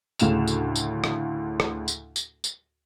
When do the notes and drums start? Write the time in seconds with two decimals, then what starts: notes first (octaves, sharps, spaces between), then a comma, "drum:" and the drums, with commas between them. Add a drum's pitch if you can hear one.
0.19 D2 A2 C#3 E7 F7, drum: tambourine
0.48 drum: tambourine
0.76 drum: tambourine
1.04 drum: rim click
1.60 drum: rim click
1.88 drum: tambourine
2.16 drum: tambourine
2.44 drum: tambourine